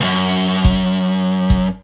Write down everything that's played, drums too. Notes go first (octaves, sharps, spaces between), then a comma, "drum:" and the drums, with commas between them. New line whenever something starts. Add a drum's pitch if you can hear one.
C#2 F#2
drum: kick G#1
drum: kick G#1